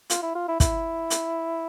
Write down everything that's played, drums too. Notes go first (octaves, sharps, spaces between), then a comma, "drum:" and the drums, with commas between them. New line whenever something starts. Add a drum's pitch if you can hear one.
F4, drum: hi-hat
E4
F4
E4
E4, drum: kick, hi-hat
drum: hi-hat